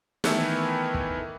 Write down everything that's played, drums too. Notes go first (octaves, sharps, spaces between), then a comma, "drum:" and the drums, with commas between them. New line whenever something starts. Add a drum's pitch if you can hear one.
D#3 E3 A3 B3 E4, drum: snare
drum: kick